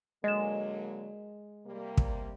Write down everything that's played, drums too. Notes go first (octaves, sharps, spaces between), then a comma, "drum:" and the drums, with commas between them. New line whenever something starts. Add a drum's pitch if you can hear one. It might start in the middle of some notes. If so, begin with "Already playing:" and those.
D3 F#3 G#3 A#3 D#5 E7
C3 G3 A#3
drum: kick